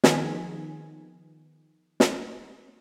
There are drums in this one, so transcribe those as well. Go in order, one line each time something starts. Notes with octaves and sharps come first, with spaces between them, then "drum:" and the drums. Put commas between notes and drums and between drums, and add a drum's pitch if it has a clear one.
D#3 F3 B3 G#4 G#5 B6, drum: snare
drum: snare